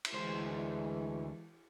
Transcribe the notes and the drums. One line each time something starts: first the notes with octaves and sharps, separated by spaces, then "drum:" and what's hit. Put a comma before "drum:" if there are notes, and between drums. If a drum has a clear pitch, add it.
drum: cymbal
D2 E3 G#3 C5